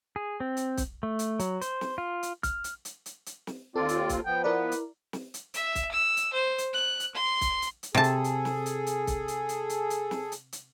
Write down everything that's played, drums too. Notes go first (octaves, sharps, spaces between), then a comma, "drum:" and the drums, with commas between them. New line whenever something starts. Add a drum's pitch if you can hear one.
G#4
C4
drum: hi-hat
drum: kick, hi-hat
A3
drum: hi-hat
F#3, drum: hi-hat
C5, drum: hi-hat
drum: snare
F4
drum: hi-hat
F6, drum: kick, hi-hat
drum: hi-hat
drum: hi-hat
drum: hi-hat
drum: hi-hat
drum: snare
D#2 C4 F4 A4 D5
drum: hi-hat
drum: kick, hi-hat
F3 B3 G5
E4 A#4 B4 D5
drum: hi-hat
drum: snare
drum: hi-hat
E5, drum: hi-hat
drum: kick, hi-hat
E6
drum: hi-hat
C5
drum: hi-hat
F#6
drum: hi-hat
C6
drum: kick, hi-hat
drum: hi-hat
drum: hi-hat
C3 G#4 A4 A5
drum: hi-hat
drum: hi-hat
drum: snare
drum: hi-hat
drum: hi-hat
drum: kick, hi-hat
drum: hi-hat
drum: hi-hat
drum: hi-hat
drum: hi-hat
drum: snare
drum: hi-hat
drum: hi-hat